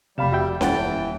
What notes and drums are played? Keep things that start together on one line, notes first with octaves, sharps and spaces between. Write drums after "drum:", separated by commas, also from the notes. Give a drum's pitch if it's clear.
F1 C3 G3 F5 B5 E7
F#4 E5 G5
D#1 E3 C#5 F#5 G5 A6, drum: snare C#4
A5